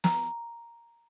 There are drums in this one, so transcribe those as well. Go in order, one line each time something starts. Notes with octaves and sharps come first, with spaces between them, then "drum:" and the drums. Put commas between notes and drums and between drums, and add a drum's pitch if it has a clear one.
A#5, drum: snare